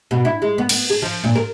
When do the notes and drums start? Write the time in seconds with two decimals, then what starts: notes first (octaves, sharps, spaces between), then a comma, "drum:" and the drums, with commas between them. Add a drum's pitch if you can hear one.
0.11 B2
0.25 E4
0.42 G#3
0.58 B3
0.69 B3, drum: cymbal
0.90 G#4
1.02 F3
1.24 A#2
1.35 A#4